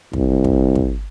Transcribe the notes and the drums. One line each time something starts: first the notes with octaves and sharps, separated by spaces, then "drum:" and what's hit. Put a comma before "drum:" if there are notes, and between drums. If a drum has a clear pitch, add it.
C2, drum: kick
drum: kick
drum: kick